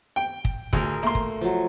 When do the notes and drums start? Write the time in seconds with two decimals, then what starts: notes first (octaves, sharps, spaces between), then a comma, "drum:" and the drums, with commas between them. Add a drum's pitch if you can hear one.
0.16 G5
0.45 drum: kick
0.73 D2 G#4 A#4, drum: kick
1.03 A3 A#3 C6
1.15 drum: kick
1.41 F3 F#3